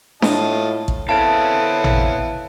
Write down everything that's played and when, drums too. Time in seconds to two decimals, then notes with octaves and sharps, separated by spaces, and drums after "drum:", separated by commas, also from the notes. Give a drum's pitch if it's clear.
0.22 A2 F4 D#5 A5, drum: snare D4
0.88 drum: kick
1.09 B3 C4 E4 A4 C#5 F5 A5 D7
1.84 drum: tom A1